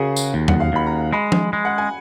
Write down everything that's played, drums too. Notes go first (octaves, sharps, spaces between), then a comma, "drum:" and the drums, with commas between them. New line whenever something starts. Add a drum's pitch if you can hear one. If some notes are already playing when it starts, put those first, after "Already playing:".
Already playing: C#3 F#4 G#4 A#4
drum: tambourine
D#2
F#5, drum: tom
F5
D#2 B5
A#5
G#3 B5
drum: tom F3
G#3
F#5
G#5